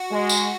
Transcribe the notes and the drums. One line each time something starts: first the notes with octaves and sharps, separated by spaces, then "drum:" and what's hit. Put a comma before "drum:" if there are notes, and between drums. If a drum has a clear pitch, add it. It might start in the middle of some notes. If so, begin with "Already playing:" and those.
Already playing: F#4
G#3
drum: tambourine